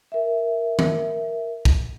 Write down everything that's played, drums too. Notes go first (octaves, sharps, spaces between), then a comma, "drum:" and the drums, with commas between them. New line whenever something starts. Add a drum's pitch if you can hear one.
A#4 E5
drum: tom D#3
drum: kick